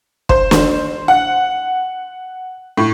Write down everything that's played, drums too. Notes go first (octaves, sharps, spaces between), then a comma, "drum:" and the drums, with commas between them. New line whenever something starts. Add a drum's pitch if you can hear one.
C5, drum: kick
drum: snare
F#5
A2